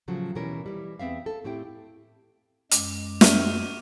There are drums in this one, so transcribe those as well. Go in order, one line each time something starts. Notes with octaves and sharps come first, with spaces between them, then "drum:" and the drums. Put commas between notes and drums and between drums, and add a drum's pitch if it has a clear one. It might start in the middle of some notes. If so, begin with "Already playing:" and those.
A2 C#3 F3 F#3
D#2 B2 E3 G3 C#4 A#4
E3 G3
E2 B3 C4 E5 F5
A4
A2 C4 E4 G4 G5
F#2 G#3 D6, drum: hi-hat
F#4 E5 C#6 F6 D#7, drum: snare